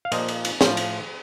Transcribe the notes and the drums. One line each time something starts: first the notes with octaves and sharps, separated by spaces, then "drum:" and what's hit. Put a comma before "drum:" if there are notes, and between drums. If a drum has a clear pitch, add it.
F5
A#2 F3 D#5, drum: cymbal
drum: cymbal
drum: cymbal
A2 F3, drum: snare
drum: cymbal